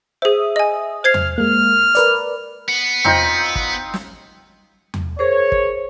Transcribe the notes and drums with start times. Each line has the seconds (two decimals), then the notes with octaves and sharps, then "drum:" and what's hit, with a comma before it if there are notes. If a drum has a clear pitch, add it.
0.22 G#4 C5 E5 D#6
0.56 D#5 G#5
1.04 C5 F6 G#6 C7
1.14 drum: tom E2
1.38 G#3 A#3 F6
1.95 A#4 B4 D5, drum: hi-hat
2.69 B3
3.05 C4 D#4 F4, drum: tom E2
3.55 drum: kick
3.94 drum: snare
4.94 drum: tom E2
5.19 G#4 A#4 C5 C#5
5.52 drum: kick